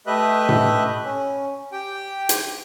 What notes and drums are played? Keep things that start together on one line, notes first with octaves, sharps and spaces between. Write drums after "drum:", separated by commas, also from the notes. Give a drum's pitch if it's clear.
A3 G4 B4 D#5 E5 F#6
drum: tom A2
C#4
G4 G5
drum: hi-hat